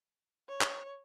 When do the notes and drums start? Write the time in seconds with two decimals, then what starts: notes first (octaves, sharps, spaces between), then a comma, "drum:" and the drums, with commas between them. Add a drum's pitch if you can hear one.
0.49 C#5
0.61 drum: clap